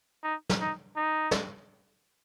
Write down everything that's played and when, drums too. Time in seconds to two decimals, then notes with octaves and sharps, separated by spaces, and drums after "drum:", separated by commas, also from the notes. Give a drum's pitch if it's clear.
0.24 D#4
0.49 drum: snare
0.61 D#4
0.97 D#4
1.31 drum: snare